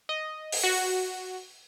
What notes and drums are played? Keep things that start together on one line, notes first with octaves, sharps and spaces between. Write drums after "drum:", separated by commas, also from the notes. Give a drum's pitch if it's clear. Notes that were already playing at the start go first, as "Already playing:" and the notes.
D#5
drum: open hi-hat
F#4